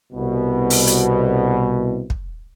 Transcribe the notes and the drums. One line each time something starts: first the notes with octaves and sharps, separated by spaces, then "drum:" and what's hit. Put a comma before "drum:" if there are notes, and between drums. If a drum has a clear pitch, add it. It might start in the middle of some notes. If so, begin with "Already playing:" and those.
C2 B2
drum: open hi-hat
drum: hi-hat
drum: kick